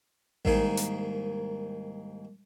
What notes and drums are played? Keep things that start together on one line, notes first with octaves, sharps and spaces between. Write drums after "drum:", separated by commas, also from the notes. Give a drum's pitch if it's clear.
C2 G#2 D#3 A#3 D#4 G#5, drum: kick A1
drum: hi-hat